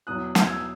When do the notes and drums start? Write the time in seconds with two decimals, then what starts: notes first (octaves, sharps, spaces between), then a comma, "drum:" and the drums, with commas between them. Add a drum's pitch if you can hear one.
0.07 E2 B2 F#3 D#6 F#6
0.35 drum: snare
0.47 E6 G#6